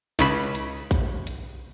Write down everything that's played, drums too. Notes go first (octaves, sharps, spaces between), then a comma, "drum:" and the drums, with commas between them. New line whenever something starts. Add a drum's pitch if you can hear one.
C#2 C#3 B5, drum: snare
drum: hi-hat
drum: kick A#1, hi-hat
drum: hi-hat